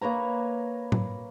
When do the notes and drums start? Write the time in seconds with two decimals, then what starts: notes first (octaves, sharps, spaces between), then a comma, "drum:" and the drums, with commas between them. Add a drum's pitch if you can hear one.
0.01 A#3 B4 C#5 A#5
0.92 drum: tom A2